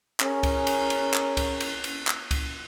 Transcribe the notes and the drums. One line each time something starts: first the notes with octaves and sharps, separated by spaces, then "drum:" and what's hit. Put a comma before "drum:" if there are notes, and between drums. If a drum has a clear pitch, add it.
C#4 G#4 A#4, drum: clap
drum: kick C#2, cymbal
drum: cymbal
drum: cymbal
drum: clap
drum: kick C#2, cymbal
drum: cymbal
drum: cymbal
drum: clap
drum: kick C#2, cymbal